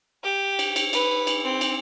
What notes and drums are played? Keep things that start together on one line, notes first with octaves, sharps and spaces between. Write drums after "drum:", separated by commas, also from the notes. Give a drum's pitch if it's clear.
G4
drum: cymbal
drum: cymbal
B4, drum: cymbal
drum: cymbal
C4
drum: cymbal